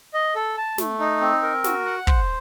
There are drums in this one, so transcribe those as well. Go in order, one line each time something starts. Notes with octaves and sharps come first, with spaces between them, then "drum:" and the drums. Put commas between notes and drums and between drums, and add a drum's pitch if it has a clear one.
D#5
A4
A5
A3, drum: snare
D#4
C4
A#4
F#4, drum: snare
F#5
C5, drum: kick